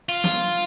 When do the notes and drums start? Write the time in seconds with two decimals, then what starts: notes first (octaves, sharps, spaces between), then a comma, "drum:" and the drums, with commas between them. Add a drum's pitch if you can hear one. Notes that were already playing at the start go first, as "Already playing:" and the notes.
0.09 F4
0.24 drum: snare